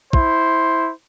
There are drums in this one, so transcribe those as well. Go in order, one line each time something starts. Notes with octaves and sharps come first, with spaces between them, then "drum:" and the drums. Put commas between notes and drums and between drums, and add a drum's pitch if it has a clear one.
E4 C5, drum: kick